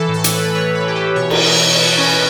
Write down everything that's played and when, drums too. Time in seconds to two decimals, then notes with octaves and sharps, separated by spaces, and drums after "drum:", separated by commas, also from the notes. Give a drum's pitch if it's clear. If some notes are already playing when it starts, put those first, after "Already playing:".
Already playing: E3 A4
0.08 A2
0.14 A4
0.24 E3, drum: hi-hat
0.34 B4
0.39 E3
0.55 E3 C#5
0.70 A2
0.75 B4
0.85 E3 G4
0.95 A4
1.00 E3
1.16 B2 C#5
1.30 B2, drum: cymbal
1.46 B2
1.57 C#5
1.62 B2
1.77 B2 B4
1.92 B2
1.98 C#4
2.08 B2